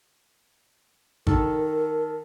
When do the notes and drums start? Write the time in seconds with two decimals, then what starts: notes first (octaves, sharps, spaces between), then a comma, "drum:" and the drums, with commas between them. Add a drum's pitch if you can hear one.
1.27 D#3 A4 A#4, drum: kick